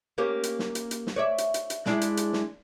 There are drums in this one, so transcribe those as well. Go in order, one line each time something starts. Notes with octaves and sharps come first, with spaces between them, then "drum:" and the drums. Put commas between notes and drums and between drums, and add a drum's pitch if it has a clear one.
A#3 C#4 G4
drum: hi-hat
drum: snare
drum: hi-hat
drum: hi-hat
drum: snare
C#5 D5 E5
drum: hi-hat
drum: hi-hat
drum: hi-hat
G#3 D4 E4, drum: snare
drum: hi-hat
drum: hi-hat
drum: snare